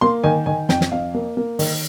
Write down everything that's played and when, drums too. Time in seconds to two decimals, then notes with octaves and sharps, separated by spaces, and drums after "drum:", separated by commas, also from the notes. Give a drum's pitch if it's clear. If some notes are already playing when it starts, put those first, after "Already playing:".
0.01 A#3 C6
0.24 D#3 G#5
0.46 D#3 G#5
0.69 F2 G5, drum: snare
0.81 drum: snare
0.92 F2 F5
1.15 A#3
1.37 A#3
1.59 D#3, drum: open hi-hat